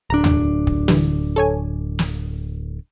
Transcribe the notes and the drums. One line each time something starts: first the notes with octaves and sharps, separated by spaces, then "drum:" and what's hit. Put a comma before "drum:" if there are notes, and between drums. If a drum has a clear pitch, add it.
D1 D4 A#5
drum: tom D#2
drum: kick
D3 E3 G3, drum: snare
A4 C#5 G#5
drum: snare